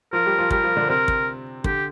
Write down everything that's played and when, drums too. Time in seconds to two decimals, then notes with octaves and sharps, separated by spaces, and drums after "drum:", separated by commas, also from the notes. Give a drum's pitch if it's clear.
0.13 F3 F4 A#4
0.26 G3 G4
0.38 F3 F4
0.50 G3 G4 A#4, drum: kick
0.63 F3 F4
0.77 D3 D4
0.89 C3 C4 A#4
1.08 drum: kick
1.64 D3 G4, drum: kick